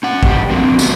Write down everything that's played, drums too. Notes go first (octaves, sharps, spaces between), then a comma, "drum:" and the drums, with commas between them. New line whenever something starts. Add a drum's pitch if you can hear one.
C#4 F#5
G2 A#2 G4, drum: kick
D3 F3 F#3 C4 A#4
F#3 A3 B3 F#4 G4, drum: tambourine